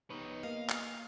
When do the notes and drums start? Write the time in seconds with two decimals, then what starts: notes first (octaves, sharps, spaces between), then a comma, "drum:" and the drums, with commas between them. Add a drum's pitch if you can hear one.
0.10 B3 D#4 G4 B4 C#5
0.43 A#3 D#5 F5
0.69 drum: clap